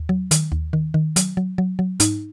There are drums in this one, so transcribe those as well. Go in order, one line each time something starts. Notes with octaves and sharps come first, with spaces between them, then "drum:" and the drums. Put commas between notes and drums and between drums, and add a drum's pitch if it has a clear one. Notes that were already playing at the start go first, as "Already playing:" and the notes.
Already playing: D#2
F#3
D#3, drum: hi-hat
D#2
D#3
D#3
F#3, drum: hi-hat
F#3
F#3
F#3
G#2 D#4, drum: hi-hat